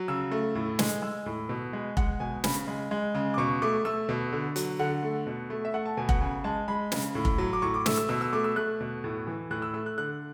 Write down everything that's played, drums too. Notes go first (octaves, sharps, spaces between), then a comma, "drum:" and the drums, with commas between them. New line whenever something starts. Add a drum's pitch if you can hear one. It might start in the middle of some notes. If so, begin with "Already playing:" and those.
Already playing: F#3
C#3 E6
A3
A2
G#3, drum: snare
G#3 E6
A2
B2
G#3
G#3 F#5, drum: kick F1
B2 G#5
C#3 B5, drum: snare
G#3
G#3
C#3
D6
B2 C#6
A3 D6
A3 E6
B2
D3
F#3, drum: hi-hat
D3 F#5
A3
B2
A3
E5
A3 F#5
A5
B2 G#5
F#5, drum: kick F1
C#3 G#5
G#3 A5
G#3 B5
C#3, drum: snare
A2
drum: kick F1
F#3
D6
A2 C#6
D6
A3 E6, drum: snare
E6
B2 E6
E6
A3 D6
E6
A3 F#6
B2
A2
E3
A2 F#6
E6
A3 E6
F#6
D3 F#6